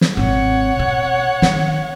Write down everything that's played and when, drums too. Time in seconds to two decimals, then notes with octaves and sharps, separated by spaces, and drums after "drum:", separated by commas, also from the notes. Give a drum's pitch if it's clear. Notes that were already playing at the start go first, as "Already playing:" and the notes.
0.01 drum: snare
0.17 G#1 C3 C#5 F#5
0.79 B2
1.42 D#3, drum: snare